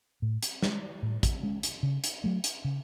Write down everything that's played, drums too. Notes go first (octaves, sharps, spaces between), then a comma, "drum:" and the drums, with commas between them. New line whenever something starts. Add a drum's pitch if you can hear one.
A2
drum: hi-hat
G#3 C#4, drum: snare
A2
drum: kick, hi-hat
G#3 C#4
drum: hi-hat
C#3
drum: hi-hat
F#3 A3
drum: hi-hat
C#3